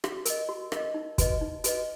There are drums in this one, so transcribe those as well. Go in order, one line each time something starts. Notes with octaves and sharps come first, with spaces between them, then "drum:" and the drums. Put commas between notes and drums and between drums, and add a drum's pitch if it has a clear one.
F#4, drum: rim click
A#4 D#5, drum: hi-hat
F#4
A#4 D#5, drum: rim click
D#4
F#4 B4 D#5, drum: kick, hi-hat
D#4
F#4 B4 D#5, drum: hi-hat